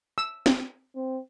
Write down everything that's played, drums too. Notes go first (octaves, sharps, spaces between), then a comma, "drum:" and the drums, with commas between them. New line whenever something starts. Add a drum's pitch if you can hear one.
E6
drum: snare
C4